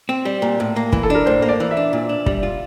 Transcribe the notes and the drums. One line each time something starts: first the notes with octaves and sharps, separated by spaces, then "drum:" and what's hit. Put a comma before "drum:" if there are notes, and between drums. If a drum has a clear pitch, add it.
C4
G3
A#2
A2
A#3
E3, drum: kick
A4
D4 A#4
A2 C5
A#3
D5
E3
E5
D4
A#2
D4
G3, drum: kick
F4